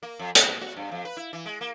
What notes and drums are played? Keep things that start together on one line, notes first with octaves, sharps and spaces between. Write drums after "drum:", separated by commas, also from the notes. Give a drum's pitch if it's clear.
A#3
F2
A4, drum: hi-hat
B2
F#4
G2
F2
B4
E4
E3
G#3
A#3